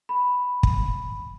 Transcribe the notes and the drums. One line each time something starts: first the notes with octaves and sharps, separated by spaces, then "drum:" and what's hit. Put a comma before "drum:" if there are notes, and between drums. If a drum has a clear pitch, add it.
B5
drum: kick